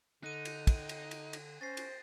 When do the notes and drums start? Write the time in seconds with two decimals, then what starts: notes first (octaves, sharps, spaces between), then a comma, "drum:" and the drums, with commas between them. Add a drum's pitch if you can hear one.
0.23 D3 D#4 F#6 D#7
0.45 drum: cymbal
0.67 drum: kick, cymbal
0.89 drum: cymbal
1.11 drum: cymbal
1.33 drum: cymbal
1.61 C#4 C5 A6 A#6 C7
1.77 drum: cymbal